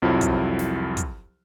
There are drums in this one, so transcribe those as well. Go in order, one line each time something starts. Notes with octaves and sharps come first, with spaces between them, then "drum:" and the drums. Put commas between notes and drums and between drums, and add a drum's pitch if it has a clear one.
C2 F2 F3 F#3 E4
drum: kick, hi-hat
drum: snare
drum: kick, hi-hat